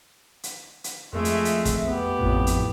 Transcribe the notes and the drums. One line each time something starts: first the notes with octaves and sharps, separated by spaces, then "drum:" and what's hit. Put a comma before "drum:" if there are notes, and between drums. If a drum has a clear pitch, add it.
drum: hi-hat
drum: hi-hat
F2 G#3 A3 E5
drum: hi-hat
drum: hi-hat
drum: kick, hi-hat
B3 G4
A1 F2 A2
drum: hi-hat